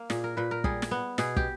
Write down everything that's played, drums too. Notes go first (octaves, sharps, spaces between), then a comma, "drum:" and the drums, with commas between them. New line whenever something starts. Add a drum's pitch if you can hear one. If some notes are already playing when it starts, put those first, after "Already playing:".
Already playing: A#3
A#2 G#4, drum: snare
A#4
A#2 B4
A#4
G3 G#4, drum: kick
drum: snare
B3
B2 G#4, drum: snare
G4, drum: kick